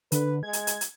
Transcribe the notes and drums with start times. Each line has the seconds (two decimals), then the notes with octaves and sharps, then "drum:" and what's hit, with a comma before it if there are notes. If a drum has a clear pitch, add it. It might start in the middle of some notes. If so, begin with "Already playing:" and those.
0.12 D3 B4, drum: hi-hat
0.43 G#3 G#6
0.53 drum: hi-hat
0.67 drum: hi-hat
0.81 drum: hi-hat